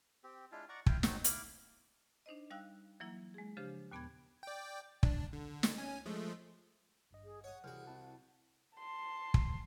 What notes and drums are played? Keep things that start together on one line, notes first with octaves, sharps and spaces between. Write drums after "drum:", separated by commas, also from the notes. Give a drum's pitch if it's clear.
C4 G4
G#3 D4 E4 F4
D5 F#5 A#5 C#6
E4 F4 G5, drum: kick
C4 C#4 D#4 F#4, drum: snare
E4 F5 D6, drum: hi-hat
D4 D#4 C5 D#5
G3 D#4 F5 G5 E6 F#6
E3 F#3 A#3 E4
G#3 G#4
C#3 F3 D4 G4 C5
D#2 A#2 B3 A5 B5 G#6
D5 G5
D4, drum: kick
D3
drum: snare
C#4 G#5
F3 G#3 A3
G#1 G2 D#5
G#4
C#5 F#5 D#6
C2 E3 F#4 G#4 F6
C4 E4 A5
A5 C6
drum: kick